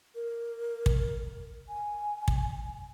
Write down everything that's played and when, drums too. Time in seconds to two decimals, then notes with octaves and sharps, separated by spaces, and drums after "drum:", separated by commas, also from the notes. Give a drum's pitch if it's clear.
0.15 A#4
0.86 drum: kick
1.69 G#5
2.28 drum: kick